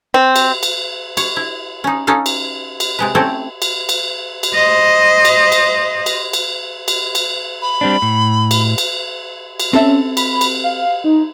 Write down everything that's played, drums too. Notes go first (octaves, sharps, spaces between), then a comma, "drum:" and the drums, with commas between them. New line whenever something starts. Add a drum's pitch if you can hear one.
C4
drum: cymbal
drum: cymbal
C#5, drum: cymbal
E4
C#4 D#4
C#4 D#4 A4 F5
drum: cymbal
drum: cymbal
C3 G#3 B4
A3 C4 C#4 E4 A4 D5
drum: cymbal
drum: cymbal
drum: cymbal
C5 D#5
drum: cymbal
drum: cymbal
drum: cymbal
drum: cymbal
drum: cymbal
drum: cymbal
B5
G3 C4 D4
A2
drum: cymbal
drum: cymbal
drum: cymbal
C4 C#4 A4 E5
B5, drum: cymbal
drum: cymbal
F5
D#4